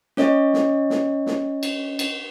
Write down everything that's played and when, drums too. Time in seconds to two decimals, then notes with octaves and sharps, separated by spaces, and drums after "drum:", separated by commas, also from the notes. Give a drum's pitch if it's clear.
0.17 C#4 C#5 D#5, drum: snare
0.54 drum: snare
0.90 drum: snare
1.26 drum: snare
1.63 drum: cymbal
1.99 drum: cymbal